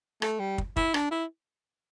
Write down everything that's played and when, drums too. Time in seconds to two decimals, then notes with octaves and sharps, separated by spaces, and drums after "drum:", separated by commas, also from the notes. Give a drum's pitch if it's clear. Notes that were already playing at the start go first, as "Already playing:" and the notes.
0.22 A3, drum: rim click
0.40 G3
0.58 drum: kick
0.76 E4, drum: kick
0.94 D4, drum: rim click
1.11 E4